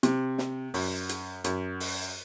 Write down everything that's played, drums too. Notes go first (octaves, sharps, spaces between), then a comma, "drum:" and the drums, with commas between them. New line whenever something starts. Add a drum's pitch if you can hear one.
C3, drum: hi-hat
drum: snare
F#2, drum: open hi-hat
drum: hi-hat
F#2, drum: hi-hat
drum: open hi-hat